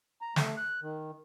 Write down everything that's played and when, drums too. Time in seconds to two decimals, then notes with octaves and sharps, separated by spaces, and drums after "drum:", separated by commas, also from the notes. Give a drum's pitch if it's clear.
0.21 A#5
0.36 A3, drum: snare
0.57 F#6
0.82 D#3